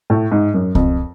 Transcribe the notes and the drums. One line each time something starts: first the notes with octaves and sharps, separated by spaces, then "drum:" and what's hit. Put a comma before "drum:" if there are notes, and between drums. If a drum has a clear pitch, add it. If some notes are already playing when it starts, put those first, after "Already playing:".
A2
G#2
F#2
F2, drum: kick C2